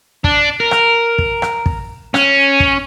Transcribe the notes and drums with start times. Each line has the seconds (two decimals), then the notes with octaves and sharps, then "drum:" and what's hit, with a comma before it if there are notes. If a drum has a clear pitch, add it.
0.24 D4, drum: kick
0.60 A#4
0.71 drum: rim click
1.18 drum: kick
1.42 drum: rim click
1.66 drum: kick
2.14 C#4, drum: rim click
2.60 drum: kick